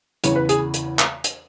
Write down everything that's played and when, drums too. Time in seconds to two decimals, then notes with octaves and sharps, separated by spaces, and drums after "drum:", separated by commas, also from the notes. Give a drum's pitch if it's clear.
0.24 E2 C#3 E3 C#5, drum: hi-hat
0.36 B4
0.49 G#4, drum: hi-hat
0.74 drum: hi-hat
0.99 drum: clap
1.24 drum: hi-hat